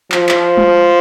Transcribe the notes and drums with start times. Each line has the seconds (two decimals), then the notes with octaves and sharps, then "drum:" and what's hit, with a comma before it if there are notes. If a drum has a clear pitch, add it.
0.12 F3, drum: clap
0.29 drum: clap
0.57 drum: tom G3